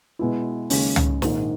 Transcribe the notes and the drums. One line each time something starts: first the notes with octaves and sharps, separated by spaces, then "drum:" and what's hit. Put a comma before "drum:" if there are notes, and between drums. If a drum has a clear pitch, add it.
B2 G#3 B3 E4
D#2 C#3 G#3 C#4, drum: open hi-hat
drum: tom
A#1 G#2 D#3, drum: snare